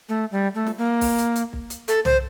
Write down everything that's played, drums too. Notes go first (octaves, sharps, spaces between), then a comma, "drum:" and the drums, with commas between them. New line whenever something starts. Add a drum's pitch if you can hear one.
A3
G3
A3
drum: snare
A#3
drum: kick B1, open hi-hat
drum: hi-hat
drum: hi-hat
drum: kick B1
drum: hi-hat
A4, drum: hi-hat
C5, drum: tom